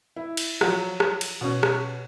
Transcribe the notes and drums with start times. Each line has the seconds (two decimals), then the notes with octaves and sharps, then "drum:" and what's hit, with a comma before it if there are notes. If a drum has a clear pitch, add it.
0.16 E4
0.37 drum: cymbal
0.61 F3 F#3, drum: rim click
1.00 drum: rim click
1.21 drum: cymbal
1.41 B2 C#4
1.63 drum: rim click